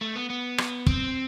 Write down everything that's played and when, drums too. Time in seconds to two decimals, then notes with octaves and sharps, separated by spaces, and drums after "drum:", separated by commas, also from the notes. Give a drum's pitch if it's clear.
0.01 A3
0.16 B3
0.30 B3
0.58 drum: rim click
0.86 C4, drum: kick